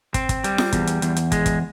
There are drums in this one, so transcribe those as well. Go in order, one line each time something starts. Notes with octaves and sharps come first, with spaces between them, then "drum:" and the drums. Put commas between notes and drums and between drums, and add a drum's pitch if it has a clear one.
C4, drum: kick, hi-hat
drum: kick, hi-hat
G3, drum: hi-hat
drum: snare F4
E2, drum: kick, hi-hat
drum: hi-hat
E2, drum: hi-hat
drum: hi-hat
G#3, drum: kick, hi-hat
drum: kick, hi-hat